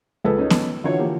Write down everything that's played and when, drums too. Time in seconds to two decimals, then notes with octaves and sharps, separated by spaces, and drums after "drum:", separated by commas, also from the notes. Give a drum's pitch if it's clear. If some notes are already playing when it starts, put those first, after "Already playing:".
0.24 C#2 G#4 A4 B4
0.38 C#4 D#4
0.50 drum: snare B3
0.84 D3 E3 F4 F#4 C#5
0.98 F3 A#3 G4